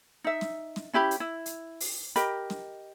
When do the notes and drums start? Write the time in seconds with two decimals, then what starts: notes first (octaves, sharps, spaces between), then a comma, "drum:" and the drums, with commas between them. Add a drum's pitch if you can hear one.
0.24 D#4 E5
0.41 drum: snare
0.76 drum: snare
0.93 C#4 E4 G4 B5
1.11 drum: hi-hat
1.20 E4
1.46 drum: hi-hat
1.80 drum: open hi-hat
2.16 G4 A#4 D#5 B5, drum: hi-hat
2.50 drum: snare